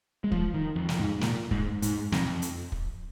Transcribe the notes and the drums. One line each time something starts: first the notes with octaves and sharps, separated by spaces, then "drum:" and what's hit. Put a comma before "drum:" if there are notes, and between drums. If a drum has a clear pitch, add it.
G#3
F3, drum: kick
D#3
F2
F2, drum: snare
G#2
A#2, drum: snare
G#2, drum: kick
G#2, drum: hi-hat
F2, drum: snare
drum: hi-hat
drum: kick